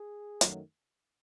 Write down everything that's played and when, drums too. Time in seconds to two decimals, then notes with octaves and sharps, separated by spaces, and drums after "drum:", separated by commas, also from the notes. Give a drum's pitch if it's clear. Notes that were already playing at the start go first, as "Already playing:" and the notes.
Already playing: G#4
0.41 F#2 D#3 F#3 A3, drum: hi-hat